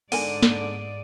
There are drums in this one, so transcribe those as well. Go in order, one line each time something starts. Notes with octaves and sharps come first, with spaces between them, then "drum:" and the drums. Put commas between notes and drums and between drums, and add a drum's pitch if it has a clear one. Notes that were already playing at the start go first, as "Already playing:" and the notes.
G#2 D3 B3 A#4 D5 G#5 D#7, drum: open hi-hat
drum: snare